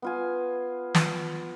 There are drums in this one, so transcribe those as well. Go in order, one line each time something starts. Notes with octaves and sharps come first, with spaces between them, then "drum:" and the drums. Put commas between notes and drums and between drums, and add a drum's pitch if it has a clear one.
B3 F4 G#5
drum: snare